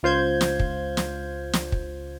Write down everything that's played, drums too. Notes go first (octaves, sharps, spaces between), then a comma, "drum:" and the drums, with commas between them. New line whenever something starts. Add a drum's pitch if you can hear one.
C#2 F4 C5 G6 G#6
drum: snare
drum: kick
drum: snare
drum: snare
drum: kick